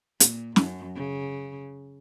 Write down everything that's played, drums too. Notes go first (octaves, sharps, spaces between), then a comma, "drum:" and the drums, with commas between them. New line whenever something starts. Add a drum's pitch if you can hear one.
A#2, drum: hi-hat
F#2, drum: snare
C#3